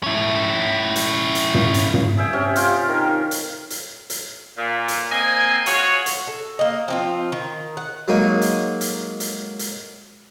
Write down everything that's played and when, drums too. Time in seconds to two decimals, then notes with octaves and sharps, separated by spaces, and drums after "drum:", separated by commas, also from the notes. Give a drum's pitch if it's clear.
0.03 C#4 E4
0.96 drum: hi-hat
1.35 drum: hi-hat
1.54 drum: tom
1.74 drum: hi-hat
1.94 drum: tom
2.17 G#4 E5 G5
2.33 C3 C#4
2.56 F4 G4, drum: hi-hat
2.89 D#3 A#4
3.31 drum: hi-hat
3.70 drum: hi-hat
4.10 drum: hi-hat
4.57 A#2
4.88 drum: hi-hat
5.11 A#3 C4 D#5 G#5
5.66 F4 F#4 G#4 C#5, drum: hi-hat
6.06 drum: hi-hat
6.27 A4
6.59 A#3 D#5
6.88 F3 C4 F4
7.32 D#3
7.77 F#5
8.08 F#3 G#3 A#3 D#4
8.42 drum: hi-hat
8.81 drum: hi-hat
9.20 drum: hi-hat
9.59 drum: hi-hat